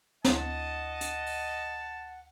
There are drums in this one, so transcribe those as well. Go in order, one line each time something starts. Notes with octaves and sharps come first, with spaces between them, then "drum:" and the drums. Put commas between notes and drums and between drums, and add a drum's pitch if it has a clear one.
D2 E4 D#5 F#5 A5, drum: snare
drum: hi-hat
drum: open hi-hat